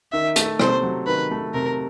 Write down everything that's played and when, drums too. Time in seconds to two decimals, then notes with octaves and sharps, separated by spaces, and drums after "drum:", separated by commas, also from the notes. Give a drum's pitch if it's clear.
0.12 D#3 E5
0.36 A3, drum: hi-hat
0.60 C3 C5, drum: rim click
0.83 F#3
1.07 D#3 B4
1.31 A3
1.54 C3 A#4